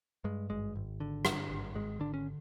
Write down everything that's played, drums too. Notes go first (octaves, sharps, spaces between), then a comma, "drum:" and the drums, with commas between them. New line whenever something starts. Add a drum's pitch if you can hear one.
G2 G#3
G#1 G#3
G#1
D3
G2, drum: rim click
G#1
G#1 G#3
D3 D4
C#4